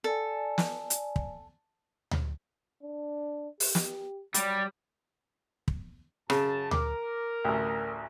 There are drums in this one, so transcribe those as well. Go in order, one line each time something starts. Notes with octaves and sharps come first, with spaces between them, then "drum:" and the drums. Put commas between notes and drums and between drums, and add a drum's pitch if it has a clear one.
A4 D5 G#5
drum: snare
drum: hi-hat
drum: kick
drum: tom D2
D4
G4, drum: open hi-hat
drum: snare
F#3 G3, drum: hi-hat
drum: kick
F#2 C#3 A5, drum: rim click
A#4 D6, drum: tom D2
A1 D2